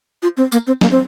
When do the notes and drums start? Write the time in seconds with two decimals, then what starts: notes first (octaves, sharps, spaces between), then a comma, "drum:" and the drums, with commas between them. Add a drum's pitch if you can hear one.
0.23 F4
0.37 C4
0.52 A#3, drum: tambourine
0.67 C4
0.81 A#3, drum: snare
0.91 C4